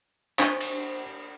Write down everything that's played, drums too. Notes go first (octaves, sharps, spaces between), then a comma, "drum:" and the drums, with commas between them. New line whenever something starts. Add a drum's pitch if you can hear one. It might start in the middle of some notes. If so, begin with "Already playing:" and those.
D4 C5 C#6, drum: clap
drum: cymbal